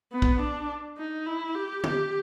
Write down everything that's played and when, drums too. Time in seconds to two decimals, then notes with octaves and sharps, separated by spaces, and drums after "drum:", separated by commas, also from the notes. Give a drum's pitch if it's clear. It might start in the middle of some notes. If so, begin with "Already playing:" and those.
0.12 B3
0.22 drum: kick
0.40 D4
0.98 D#4
1.26 E4
1.55 G4
1.84 G4, drum: tom